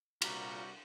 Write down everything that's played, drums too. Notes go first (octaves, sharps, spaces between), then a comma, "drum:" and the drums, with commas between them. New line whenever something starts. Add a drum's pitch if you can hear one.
C3 G3 F4 F#4 A#5, drum: cymbal